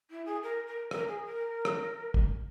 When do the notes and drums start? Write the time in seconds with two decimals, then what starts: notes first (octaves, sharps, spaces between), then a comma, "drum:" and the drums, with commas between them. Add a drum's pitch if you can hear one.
0.10 E4
0.25 G#4
0.42 A#4
0.66 A#4
0.91 A#4, drum: rim click
1.07 G#4
1.24 A#4
1.65 drum: rim click
2.14 drum: kick